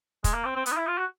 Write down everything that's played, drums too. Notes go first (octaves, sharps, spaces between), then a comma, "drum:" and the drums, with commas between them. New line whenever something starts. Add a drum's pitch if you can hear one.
G#3, drum: kick, hi-hat
A#3
C4
C4
B3, drum: hi-hat
D#4
E4
F4
F#4